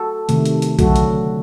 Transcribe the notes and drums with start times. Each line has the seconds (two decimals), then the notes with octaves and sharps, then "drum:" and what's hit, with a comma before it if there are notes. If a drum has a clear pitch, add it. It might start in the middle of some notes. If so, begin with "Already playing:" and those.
Already playing: F#4 A4
0.29 C3 D#3 A3, drum: hi-hat
0.46 drum: hi-hat
0.62 drum: hi-hat
0.79 D3 F#3 A3 F#4 A4, drum: kick A#1, hi-hat
0.96 drum: hi-hat